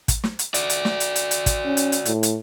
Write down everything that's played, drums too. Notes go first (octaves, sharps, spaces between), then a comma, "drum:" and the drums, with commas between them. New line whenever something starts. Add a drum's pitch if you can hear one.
drum: kick, hi-hat
drum: snare
drum: hi-hat
F#4 D5, drum: hi-hat
drum: hi-hat
drum: snare
drum: hi-hat
drum: hi-hat
drum: hi-hat
drum: kick, hi-hat
C#4
drum: hi-hat
drum: hi-hat
A2, drum: hi-hat
drum: hi-hat